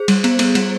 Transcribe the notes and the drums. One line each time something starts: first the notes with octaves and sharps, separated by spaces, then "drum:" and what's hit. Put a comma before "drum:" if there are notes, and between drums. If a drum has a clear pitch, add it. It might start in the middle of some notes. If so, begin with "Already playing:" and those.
Already playing: G#4 C5
G3, drum: cymbal
B3, drum: cymbal
B3, drum: cymbal
G3, drum: cymbal